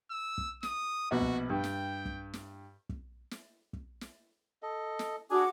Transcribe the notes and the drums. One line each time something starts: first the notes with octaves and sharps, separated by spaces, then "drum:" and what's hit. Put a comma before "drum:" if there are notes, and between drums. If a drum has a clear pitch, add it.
E6
drum: kick
D#6, drum: snare
A#1 B2 F#4 B4
drum: kick
G2 G5
drum: snare
drum: kick
drum: snare
drum: kick
drum: snare
drum: kick
drum: snare
A4 D#5
drum: snare
D4 F#4 G#4 G#5 D6